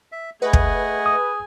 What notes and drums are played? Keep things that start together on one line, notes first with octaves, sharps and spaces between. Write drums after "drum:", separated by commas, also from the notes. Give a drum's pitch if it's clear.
E5
A3 G#4 B4 D#5 F#5 G#5
drum: kick
D#6